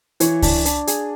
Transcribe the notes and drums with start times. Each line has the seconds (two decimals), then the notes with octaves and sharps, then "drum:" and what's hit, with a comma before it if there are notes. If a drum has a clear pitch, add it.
0.20 E3 C#5, drum: hi-hat
0.42 D4, drum: kick C#2, open hi-hat
0.65 D4, drum: hi-hat
0.87 G#4, drum: hi-hat